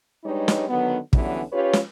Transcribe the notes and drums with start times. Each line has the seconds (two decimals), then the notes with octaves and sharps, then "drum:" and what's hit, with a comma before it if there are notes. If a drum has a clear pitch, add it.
0.25 G3 G#3 D4 D#4 B4 C#5
0.48 drum: snare
0.69 D3 D#3 F#3 B3
1.13 D3 E3 F#3 G3 B3 C#4, drum: kick
1.52 C#4 F4 G4 B4 C#5
1.73 drum: snare